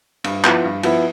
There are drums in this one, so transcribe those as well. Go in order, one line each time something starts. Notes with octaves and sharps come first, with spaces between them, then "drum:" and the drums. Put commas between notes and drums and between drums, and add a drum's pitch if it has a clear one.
G2, drum: cymbal
F3 B3 E4, drum: clap
G2
F3 B3 E4, drum: cymbal